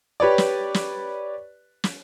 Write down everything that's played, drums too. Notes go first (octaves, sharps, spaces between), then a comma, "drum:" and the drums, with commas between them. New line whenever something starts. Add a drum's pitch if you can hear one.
G4 B4 C#5 D5
drum: snare
drum: snare
drum: snare